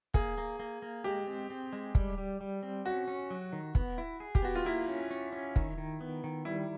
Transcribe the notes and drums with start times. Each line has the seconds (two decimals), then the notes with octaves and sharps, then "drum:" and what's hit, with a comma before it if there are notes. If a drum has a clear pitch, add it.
0.14 A#3 G#4, drum: kick
0.38 A#3
0.59 A#3
0.82 A#3
1.04 G#3 G4
1.27 C4
1.50 C4
1.73 G#3
1.95 G3, drum: kick
2.18 G3
2.41 G3
2.63 C4
2.85 C#4 F#4
3.08 C#4
3.30 F#3
3.53 D#3
3.75 B3, drum: kick
3.98 E4
4.20 G#4
4.35 G4, drum: kick
4.42 B3 F#4
4.55 F4
4.65 A#3 E4
4.88 C#4
5.11 C#4
5.33 C#4
5.56 D#3, drum: kick
5.78 D#3
6.01 B3
6.24 D#3
6.45 G3 E4